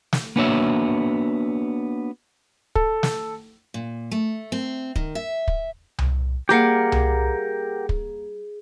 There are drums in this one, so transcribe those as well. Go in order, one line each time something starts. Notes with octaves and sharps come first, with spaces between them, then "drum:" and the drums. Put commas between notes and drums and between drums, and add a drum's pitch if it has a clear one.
drum: snare
A#3 B3 D4 F#4 C#5 E5
A4, drum: kick
drum: snare
A#2
A3
C4
D#3, drum: kick
E5
drum: kick
drum: tom C2
G3 A#3 G4 G#4 A#4 F5 F#5
drum: tom C2
drum: kick